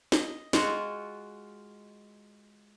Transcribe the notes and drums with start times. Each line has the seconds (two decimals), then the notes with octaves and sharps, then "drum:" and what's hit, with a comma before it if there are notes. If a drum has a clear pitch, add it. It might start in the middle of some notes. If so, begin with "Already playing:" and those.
0.12 D#5, drum: snare
0.53 G#3 F4 F#4, drum: snare